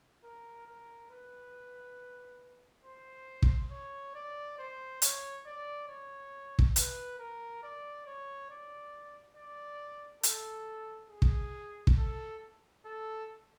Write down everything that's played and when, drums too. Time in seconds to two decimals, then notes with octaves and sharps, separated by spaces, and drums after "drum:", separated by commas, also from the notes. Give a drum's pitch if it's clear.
0.24 A#4
0.67 A#4
1.10 B4
2.85 C5
3.42 drum: kick
3.71 C#5
4.15 D5
4.58 C5
5.02 C#5, drum: hi-hat
5.46 D5
5.89 C#5
6.59 drum: kick
6.76 B4, drum: hi-hat
7.19 A#4
7.63 D5
8.07 C#5
8.50 D5
9.37 D5
10.23 A4, drum: hi-hat
11.10 G#4
11.22 drum: kick
11.87 drum: kick
11.97 A4
12.85 A4